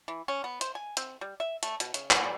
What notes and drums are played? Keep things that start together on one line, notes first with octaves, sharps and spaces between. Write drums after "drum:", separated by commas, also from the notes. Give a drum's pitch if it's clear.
E3
C#4
B3
C5, drum: hi-hat
G#5
C4, drum: hi-hat
G3
E5
A3, drum: hi-hat
B2, drum: hi-hat
C#3, drum: hi-hat
drum: clap
G3